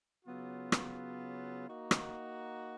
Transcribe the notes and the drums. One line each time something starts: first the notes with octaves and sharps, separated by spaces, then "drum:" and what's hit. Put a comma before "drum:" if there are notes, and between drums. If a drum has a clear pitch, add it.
C#3 F#3 B3 F4
drum: rim click
A#3 D#4 F#4
drum: rim click